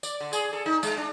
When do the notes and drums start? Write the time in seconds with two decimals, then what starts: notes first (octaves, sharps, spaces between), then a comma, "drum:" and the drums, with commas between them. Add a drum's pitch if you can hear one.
0.03 D5, drum: tambourine
0.20 D3
0.33 G#4, drum: tambourine
0.53 A4
0.66 D#4
0.83 G#3, drum: tambourine
0.97 D4